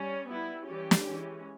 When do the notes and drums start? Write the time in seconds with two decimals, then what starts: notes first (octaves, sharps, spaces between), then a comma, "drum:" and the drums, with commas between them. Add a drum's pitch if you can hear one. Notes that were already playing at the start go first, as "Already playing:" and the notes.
Already playing: G3 C#4
0.29 G3 B3 E4
0.66 E3 G3 C#4 G4
0.91 drum: snare
1.04 E3 G#3 C#4